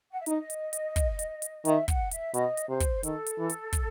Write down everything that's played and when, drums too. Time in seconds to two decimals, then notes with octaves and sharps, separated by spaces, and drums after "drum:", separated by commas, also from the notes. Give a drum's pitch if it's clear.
0.12 F#5
0.20 E5
0.26 D#4 D#5, drum: hi-hat
0.50 drum: hi-hat
0.73 drum: hi-hat
0.96 drum: kick, hi-hat
1.19 drum: hi-hat
1.42 drum: hi-hat
1.65 D#3 E5, drum: hi-hat
1.88 F#5, drum: kick, hi-hat
2.11 E5, drum: hi-hat
2.34 B2 D#5, drum: hi-hat
2.57 drum: hi-hat
2.68 C3 C5
2.80 drum: kick, hi-hat
3.03 D#3 A4, drum: hi-hat
3.26 drum: hi-hat
3.39 E3
3.49 drum: hi-hat
3.73 drum: kick, hi-hat